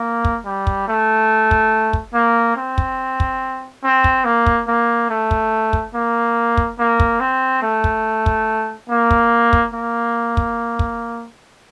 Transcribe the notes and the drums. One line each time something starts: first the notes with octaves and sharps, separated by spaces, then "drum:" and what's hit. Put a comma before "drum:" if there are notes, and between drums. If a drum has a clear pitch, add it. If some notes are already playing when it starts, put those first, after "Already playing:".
Already playing: A#3
drum: kick
G3
drum: kick
A3
drum: kick
drum: kick
A#3
C4
drum: kick
drum: kick
C4
drum: kick
A#3
drum: kick
A#3
A3
drum: kick
drum: kick
A#3
drum: kick
A#3
drum: kick
C4
A3
drum: kick
drum: kick
A#3
drum: kick
drum: kick
A#3
drum: kick
drum: kick